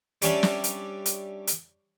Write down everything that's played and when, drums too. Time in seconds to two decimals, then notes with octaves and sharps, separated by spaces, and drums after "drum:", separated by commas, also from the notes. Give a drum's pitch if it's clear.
0.22 G3 C#4 D4 E5, drum: hi-hat
0.43 drum: snare
0.64 drum: hi-hat
1.06 drum: hi-hat
1.47 drum: hi-hat